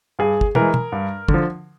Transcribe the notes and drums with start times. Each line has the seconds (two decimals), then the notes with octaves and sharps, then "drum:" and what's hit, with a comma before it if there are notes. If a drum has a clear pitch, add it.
0.19 G2 G#4
0.41 drum: kick
0.55 E3 G#3 A#4, drum: tom
0.74 drum: tom
0.92 G2
1.28 D3, drum: kick
1.34 F3